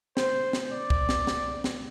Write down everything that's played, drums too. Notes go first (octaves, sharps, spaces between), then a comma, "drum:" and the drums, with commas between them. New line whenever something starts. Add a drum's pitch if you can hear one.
C5, drum: snare
drum: snare
D5
drum: kick C2
drum: snare
drum: snare
drum: snare